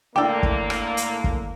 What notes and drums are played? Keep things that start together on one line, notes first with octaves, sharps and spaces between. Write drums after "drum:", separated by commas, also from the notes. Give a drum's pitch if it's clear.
A2 D3 A#3 D4 E4 D5 G5
drum: kick
drum: rim click
drum: hi-hat
drum: kick